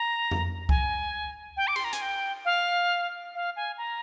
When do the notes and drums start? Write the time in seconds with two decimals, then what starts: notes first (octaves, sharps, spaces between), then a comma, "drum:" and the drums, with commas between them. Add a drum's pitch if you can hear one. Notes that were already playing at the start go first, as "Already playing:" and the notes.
Already playing: A#5
0.31 drum: tom F2
0.69 G#5, drum: kick C2
1.57 G5
1.67 D6
1.76 C6, drum: cymbal
1.85 A#5
1.93 G#5, drum: hi-hat
2.02 G5
2.45 F5
3.35 F5
3.56 G#5
3.78 A#5